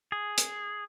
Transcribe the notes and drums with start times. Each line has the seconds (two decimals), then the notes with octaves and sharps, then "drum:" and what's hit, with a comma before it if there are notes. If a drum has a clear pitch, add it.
0.12 G#4
0.38 drum: hi-hat